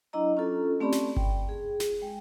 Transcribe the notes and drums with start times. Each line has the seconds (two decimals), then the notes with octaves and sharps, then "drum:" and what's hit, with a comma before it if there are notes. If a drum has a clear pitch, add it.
0.13 F#3 D4 E4 D#5 A#5
0.37 C#4 F4 A4
0.81 A3 C4 C#4 G4 D5 B5
0.92 drum: snare
1.16 G5, drum: kick G1
1.49 G#4
1.80 drum: snare
2.02 G#3 G5